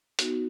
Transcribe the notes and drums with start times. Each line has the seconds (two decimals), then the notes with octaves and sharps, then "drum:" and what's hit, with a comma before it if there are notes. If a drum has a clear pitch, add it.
0.19 B3 D#4 F#4, drum: hi-hat